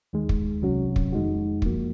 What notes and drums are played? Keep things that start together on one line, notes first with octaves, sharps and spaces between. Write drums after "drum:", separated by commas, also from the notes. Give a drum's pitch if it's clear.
D#2 D#3 G#3
drum: kick
C2 C3 F#3 C#4 F#4
drum: kick
F2 D#3 G#3 D#4 F#4
F#2 F3 A#3, drum: kick